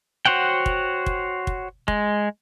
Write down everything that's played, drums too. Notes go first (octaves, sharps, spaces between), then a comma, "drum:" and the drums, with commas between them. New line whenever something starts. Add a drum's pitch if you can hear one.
F#4 C5 C#5 F#5 G5
drum: kick
drum: kick
drum: kick
G#3, drum: kick